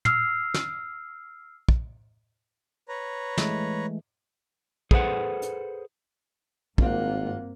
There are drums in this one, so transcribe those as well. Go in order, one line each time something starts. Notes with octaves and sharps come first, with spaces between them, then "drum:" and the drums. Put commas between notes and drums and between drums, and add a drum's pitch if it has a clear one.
E6 F6 C7, drum: tom
drum: snare
drum: kick
B4 C#5 A#5
E3 G#3 A3, drum: snare
G#4 A4 B4 C5 E5 F#5, drum: kick
drum: hi-hat
G#1 G2 A#3 C4 C#4 F4 F#5, drum: kick